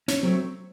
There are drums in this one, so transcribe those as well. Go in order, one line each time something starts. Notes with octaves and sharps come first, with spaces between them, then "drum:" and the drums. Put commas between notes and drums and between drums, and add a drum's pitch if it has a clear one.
C#4, drum: snare
F#3 A3 C4